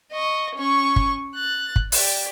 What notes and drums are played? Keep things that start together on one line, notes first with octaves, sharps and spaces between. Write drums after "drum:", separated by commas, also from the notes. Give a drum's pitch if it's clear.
D#5 C#6
C#4 C#6
drum: kick
F#6 A6
drum: kick
G4 D5, drum: open hi-hat